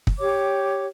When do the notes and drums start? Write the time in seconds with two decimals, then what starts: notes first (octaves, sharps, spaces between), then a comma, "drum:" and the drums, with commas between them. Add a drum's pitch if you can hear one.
0.07 drum: kick
0.18 G4 C#5 D6